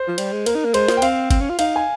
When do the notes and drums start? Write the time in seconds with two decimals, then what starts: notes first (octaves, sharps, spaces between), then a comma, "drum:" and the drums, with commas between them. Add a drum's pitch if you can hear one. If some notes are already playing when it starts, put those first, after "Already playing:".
Already playing: C5
0.08 F3
0.18 G3, drum: cymbal
0.32 G#3
0.46 A#3 A#4, drum: cymbal
0.55 D#4
0.65 A#3
0.74 G#3 C5, drum: cymbal
0.88 A#3, drum: snare
0.97 G5
1.02 C4 F5, drum: cymbal
1.30 C4, drum: kick, cymbal
1.40 C#4
1.50 F4
1.59 D#4 F5, drum: cymbal
1.76 G#5